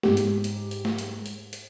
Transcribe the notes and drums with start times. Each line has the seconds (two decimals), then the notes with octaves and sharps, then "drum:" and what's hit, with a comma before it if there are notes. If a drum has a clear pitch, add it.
0.03 G#2 G4, drum: snare
0.17 drum: hi-hat
0.44 drum: hi-hat
0.71 drum: hi-hat
0.85 drum: snare
0.98 drum: hi-hat
1.26 drum: hi-hat
1.53 drum: hi-hat